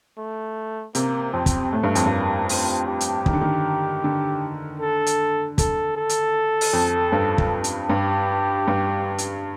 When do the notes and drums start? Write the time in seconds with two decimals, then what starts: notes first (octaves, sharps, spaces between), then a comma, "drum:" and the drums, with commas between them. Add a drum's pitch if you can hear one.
0.18 A3
0.95 C3 A#3, drum: hi-hat
1.33 F2 C4
1.46 drum: kick, hi-hat
1.72 A2 A3
1.83 G2
1.95 F2, drum: hi-hat
2.06 G2 A#3
2.49 C4, drum: open hi-hat
2.88 G4
3.01 drum: hi-hat
3.26 D#3, drum: kick
3.33 D3
3.41 D#3
4.04 D3
4.80 A4
5.06 drum: hi-hat
5.58 A4, drum: kick, hi-hat
5.97 A4
6.09 drum: hi-hat
6.61 drum: open hi-hat
6.73 F2
7.12 G2
7.38 drum: kick
7.64 drum: hi-hat
7.89 G2 G4
8.67 G2
9.18 drum: hi-hat